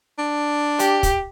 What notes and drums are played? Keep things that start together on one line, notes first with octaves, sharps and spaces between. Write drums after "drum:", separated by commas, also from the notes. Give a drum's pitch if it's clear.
D4
G4, drum: hi-hat
drum: kick, hi-hat